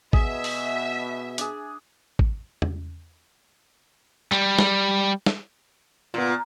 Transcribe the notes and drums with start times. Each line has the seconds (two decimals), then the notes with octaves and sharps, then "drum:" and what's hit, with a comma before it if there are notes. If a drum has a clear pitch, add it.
0.13 B2 G#4 E5, drum: kick
0.44 drum: open hi-hat
1.38 D4 G#4, drum: hi-hat
2.19 drum: kick
2.62 drum: tom E2
4.32 G3, drum: clap
4.59 drum: snare
5.26 drum: snare
6.14 A#2 B3 F4